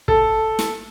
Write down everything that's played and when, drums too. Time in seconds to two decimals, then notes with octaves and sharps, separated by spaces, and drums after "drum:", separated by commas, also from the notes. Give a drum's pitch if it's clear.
0.08 A4, drum: kick
0.59 drum: snare